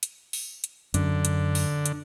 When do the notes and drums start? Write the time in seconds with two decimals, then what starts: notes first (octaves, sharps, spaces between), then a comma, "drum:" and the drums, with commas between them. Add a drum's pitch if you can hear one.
0.03 drum: hi-hat
0.33 drum: open hi-hat
0.64 drum: hi-hat
0.94 F#2 D3, drum: hi-hat
1.25 drum: hi-hat
1.55 drum: open hi-hat
1.86 drum: hi-hat